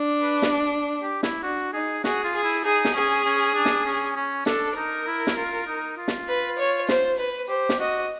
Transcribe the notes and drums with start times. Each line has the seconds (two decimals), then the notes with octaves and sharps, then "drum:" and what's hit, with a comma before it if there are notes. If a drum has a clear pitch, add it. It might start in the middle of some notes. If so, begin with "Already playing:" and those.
Already playing: D4
0.22 B4
0.42 drum: snare
1.03 G4
1.23 E4, drum: snare
1.43 D4 F#4
1.74 D#4 G#4
2.04 F#4 G#4, drum: snare
2.24 F4
2.34 G#4
2.44 E4
2.64 D#4 G#4
2.85 drum: snare
2.94 C#4 G#4
3.25 C#4
3.55 D4
3.65 drum: snare
3.85 C#4
4.16 C#4
4.46 D4 A4, drum: snare
4.76 D#4 A#4
5.07 E4
5.27 drum: snare
5.37 F4
5.67 D#4
5.98 F4
6.08 drum: snare
6.28 B4
6.58 C#5
6.89 C5, drum: snare
7.18 B4
7.49 G4 C5
7.69 drum: snare
7.79 F#4 D#5